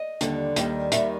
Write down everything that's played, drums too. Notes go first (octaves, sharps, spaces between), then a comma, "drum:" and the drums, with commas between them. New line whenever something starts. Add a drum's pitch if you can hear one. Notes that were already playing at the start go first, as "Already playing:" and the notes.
Already playing: D#5
D#2 D3 G3, drum: hi-hat
D#2 D#3 G3, drum: hi-hat
D#2 D#3 G3 E5, drum: hi-hat